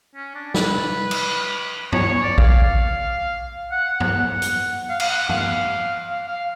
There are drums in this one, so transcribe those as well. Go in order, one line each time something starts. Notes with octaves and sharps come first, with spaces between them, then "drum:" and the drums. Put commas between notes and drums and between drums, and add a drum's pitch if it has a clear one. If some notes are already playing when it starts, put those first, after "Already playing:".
C#4
D4
B4, drum: snare
drum: cymbal
C#5, drum: tom G2
C#5
D5
F5, drum: kick A#1
F#5
F#5, drum: tom G2
drum: hi-hat
F5
F5, drum: cymbal
F#5
F5, drum: tom G2
F5
F5